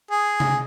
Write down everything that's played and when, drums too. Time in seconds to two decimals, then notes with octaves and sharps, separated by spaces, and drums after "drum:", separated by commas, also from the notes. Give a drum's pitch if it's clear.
0.11 G#4
0.40 drum: tom C3